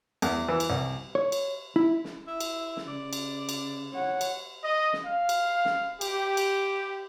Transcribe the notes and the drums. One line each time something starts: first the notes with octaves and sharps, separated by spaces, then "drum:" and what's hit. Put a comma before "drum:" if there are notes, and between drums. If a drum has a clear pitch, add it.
E2, drum: cymbal
E3
drum: cymbal
C2
C#5
drum: cymbal
E4
drum: snare
E4
drum: cymbal
drum: snare
C#3 D5
drum: cymbal
drum: cymbal
C#5 F#5
drum: cymbal
D#5
drum: snare
F5
drum: cymbal
drum: snare
G4, drum: cymbal
drum: cymbal